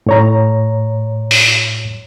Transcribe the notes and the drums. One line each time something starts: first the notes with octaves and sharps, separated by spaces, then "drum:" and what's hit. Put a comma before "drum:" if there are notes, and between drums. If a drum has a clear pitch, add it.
A2 C#5 A#5
drum: open hi-hat